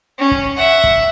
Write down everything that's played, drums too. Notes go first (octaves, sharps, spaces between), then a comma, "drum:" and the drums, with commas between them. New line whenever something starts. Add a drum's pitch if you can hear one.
C#4
drum: kick
E5 F#5
drum: kick